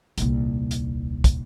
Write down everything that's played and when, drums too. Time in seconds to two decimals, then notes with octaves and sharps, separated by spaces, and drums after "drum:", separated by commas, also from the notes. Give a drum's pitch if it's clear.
0.18 D#1 C2, drum: hi-hat
0.71 drum: hi-hat
1.24 drum: kick, hi-hat